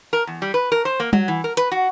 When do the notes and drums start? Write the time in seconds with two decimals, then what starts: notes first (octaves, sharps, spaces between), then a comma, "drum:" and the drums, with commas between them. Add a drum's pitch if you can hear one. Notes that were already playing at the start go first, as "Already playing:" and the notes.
0.13 A#4
0.27 E2
0.42 G3
0.54 B4
0.72 A#4
0.85 C5
1.00 A#3
1.13 F#3, drum: tom G3
1.28 E3
1.44 A#4
1.57 B4, drum: hi-hat
1.72 F#4